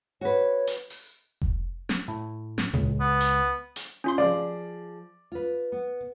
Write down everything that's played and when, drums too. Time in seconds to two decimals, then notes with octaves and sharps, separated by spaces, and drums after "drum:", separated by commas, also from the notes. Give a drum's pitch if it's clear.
0.21 F#4 B4 C#5
0.67 drum: hi-hat
0.90 drum: open hi-hat
1.42 drum: kick F1
1.89 drum: snare
2.08 A2
2.58 drum: snare
2.74 C#2, drum: tom A2
3.00 B3
3.21 drum: hi-hat
3.76 drum: hi-hat
4.04 C#4 F4 C6
4.18 F3 G#4 D5 F5
5.32 F4 B4
5.72 B3